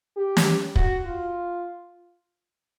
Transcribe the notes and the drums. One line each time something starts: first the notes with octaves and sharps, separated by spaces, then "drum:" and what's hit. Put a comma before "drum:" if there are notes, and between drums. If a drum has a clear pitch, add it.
G4
drum: snare
F#4, drum: kick
F4